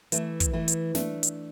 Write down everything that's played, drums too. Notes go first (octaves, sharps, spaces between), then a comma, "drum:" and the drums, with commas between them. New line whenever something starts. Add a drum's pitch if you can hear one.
E3 A3, drum: hi-hat
drum: kick, hi-hat
E3 A3
drum: hi-hat
A3 D4, drum: snare
drum: hi-hat